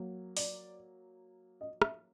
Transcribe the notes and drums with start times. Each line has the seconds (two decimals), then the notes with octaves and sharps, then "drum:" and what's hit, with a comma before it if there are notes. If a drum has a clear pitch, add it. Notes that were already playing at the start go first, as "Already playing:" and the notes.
Already playing: F#3 A#3
0.37 D5, drum: open hi-hat
1.61 D#5
1.82 E5, drum: rim click